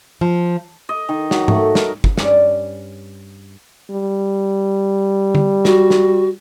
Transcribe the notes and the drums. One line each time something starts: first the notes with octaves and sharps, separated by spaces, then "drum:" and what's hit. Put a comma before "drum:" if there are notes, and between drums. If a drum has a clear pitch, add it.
F3
D#5
D#3
F#3, drum: snare
A3, drum: tom G#2
A#4, drum: snare
drum: kick
G2 C#4 D5, drum: snare
G3
drum: tom D3
F#4, drum: snare
drum: snare